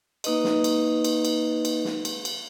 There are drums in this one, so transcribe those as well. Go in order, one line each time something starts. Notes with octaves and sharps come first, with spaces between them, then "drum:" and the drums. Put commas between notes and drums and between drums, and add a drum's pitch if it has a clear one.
A#3 D#4 B4 D#5, drum: cymbal
drum: snare
drum: cymbal
drum: cymbal
drum: cymbal
drum: cymbal
drum: snare
drum: cymbal
drum: cymbal